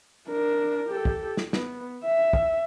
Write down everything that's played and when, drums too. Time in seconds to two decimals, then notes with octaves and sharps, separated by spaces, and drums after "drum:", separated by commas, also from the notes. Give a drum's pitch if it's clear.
0.29 D4 A#4
0.89 G4 A4
1.05 drum: kick
1.37 drum: snare
1.53 B3, drum: snare
2.05 E5
2.33 drum: kick